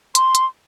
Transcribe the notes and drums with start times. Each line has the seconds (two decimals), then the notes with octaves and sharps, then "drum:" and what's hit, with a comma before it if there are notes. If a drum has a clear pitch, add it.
0.15 C6, drum: hi-hat
0.35 drum: hi-hat